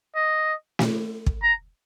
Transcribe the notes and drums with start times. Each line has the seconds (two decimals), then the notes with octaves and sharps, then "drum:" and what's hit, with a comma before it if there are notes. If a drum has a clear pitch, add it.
0.15 D#5
0.79 drum: snare
1.26 drum: kick
1.43 A#5